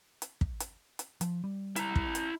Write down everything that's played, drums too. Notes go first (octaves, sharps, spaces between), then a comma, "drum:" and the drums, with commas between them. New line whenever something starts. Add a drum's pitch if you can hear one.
drum: hi-hat
drum: kick
drum: hi-hat
drum: hi-hat
F3, drum: hi-hat
G3
E4 A#5, drum: hi-hat
drum: kick
drum: hi-hat